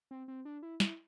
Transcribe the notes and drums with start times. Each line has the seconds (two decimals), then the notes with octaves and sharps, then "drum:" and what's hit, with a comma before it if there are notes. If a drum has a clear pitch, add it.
0.11 C4
0.28 C4
0.45 D4
0.63 E4
0.80 E4, drum: snare